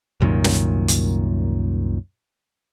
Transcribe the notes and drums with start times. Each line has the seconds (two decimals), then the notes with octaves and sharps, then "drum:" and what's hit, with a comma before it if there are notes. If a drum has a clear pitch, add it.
0.20 C2 F#2 A#2 D#3
0.44 drum: snare
0.88 drum: hi-hat